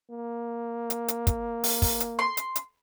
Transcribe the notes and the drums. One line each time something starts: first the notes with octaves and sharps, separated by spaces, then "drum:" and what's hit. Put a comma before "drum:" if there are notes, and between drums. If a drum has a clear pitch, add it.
A#3
drum: hi-hat
drum: hi-hat
drum: kick, hi-hat
drum: open hi-hat
drum: kick, open hi-hat
drum: hi-hat
C6
drum: hi-hat
drum: hi-hat